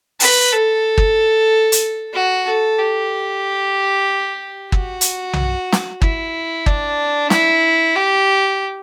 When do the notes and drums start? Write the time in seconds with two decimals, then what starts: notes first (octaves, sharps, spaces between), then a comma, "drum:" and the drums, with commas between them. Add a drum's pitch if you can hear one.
0.20 B4, drum: open hi-hat
0.52 A4
0.98 drum: kick
1.72 drum: hi-hat
2.14 F#4
2.46 A4
2.79 G4
4.72 F#4, drum: kick
5.01 drum: hi-hat
5.33 drum: tom B1
5.72 drum: snare
6.02 E4, drum: kick
6.66 D4, drum: kick
7.30 E4, drum: snare
7.96 G4